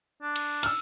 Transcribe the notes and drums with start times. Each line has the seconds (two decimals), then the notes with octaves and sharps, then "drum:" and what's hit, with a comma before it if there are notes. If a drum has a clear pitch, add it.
0.22 D4
0.36 drum: cymbal
0.63 E6 F6, drum: cymbal